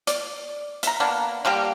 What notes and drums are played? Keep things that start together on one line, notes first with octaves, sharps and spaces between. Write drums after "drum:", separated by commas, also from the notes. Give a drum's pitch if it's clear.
D5, drum: hi-hat
E5 A#5, drum: hi-hat
A#3 B3 D4
D3 G3 A#3 G4